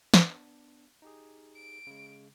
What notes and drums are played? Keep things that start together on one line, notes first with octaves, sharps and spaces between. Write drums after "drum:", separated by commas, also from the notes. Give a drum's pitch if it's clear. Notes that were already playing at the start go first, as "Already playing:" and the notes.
B3 D4, drum: snare
D#4 G4 G#4
D7
C#3 G#3